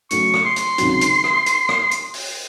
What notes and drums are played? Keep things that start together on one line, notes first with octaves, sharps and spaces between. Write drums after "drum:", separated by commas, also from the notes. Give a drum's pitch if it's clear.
C#3 F#3 A3 C#6, drum: hi-hat
drum: rim click
C6
drum: hi-hat
C#2 C3 D#3 F#3, drum: hi-hat
drum: hi-hat
drum: rim click
drum: hi-hat
drum: rim click
drum: hi-hat
drum: open hi-hat